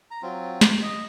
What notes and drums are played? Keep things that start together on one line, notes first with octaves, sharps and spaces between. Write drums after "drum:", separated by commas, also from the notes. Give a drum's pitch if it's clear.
A#5
F#3 C4 F4
drum: snare
D#5